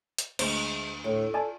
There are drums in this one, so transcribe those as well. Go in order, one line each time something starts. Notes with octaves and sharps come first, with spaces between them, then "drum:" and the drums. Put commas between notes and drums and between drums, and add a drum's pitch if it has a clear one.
drum: hi-hat
D2 G#3 C5, drum: cymbal
A2 A4
F4 D5 G#5 A5